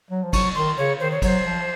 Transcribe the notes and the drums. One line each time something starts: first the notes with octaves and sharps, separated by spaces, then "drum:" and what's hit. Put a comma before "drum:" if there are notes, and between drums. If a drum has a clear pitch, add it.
F#3
F3
F#3 C#6, drum: kick, cymbal
D#3 C6
C#3 C#5
D#3 C5
C#5
F#3 C#5, drum: kick, cymbal
C5
F3